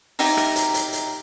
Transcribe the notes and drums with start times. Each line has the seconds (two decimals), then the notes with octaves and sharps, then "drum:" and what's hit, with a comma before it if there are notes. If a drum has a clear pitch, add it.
0.19 D#4 G4 E5 A#5, drum: open hi-hat
0.37 drum: rim click
0.56 drum: hi-hat
0.74 drum: hi-hat
0.93 drum: hi-hat